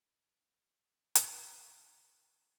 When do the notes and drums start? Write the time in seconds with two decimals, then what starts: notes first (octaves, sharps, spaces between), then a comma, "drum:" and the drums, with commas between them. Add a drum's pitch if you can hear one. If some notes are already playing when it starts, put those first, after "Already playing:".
0.22 G3 A#3
0.60 B5
1.15 drum: hi-hat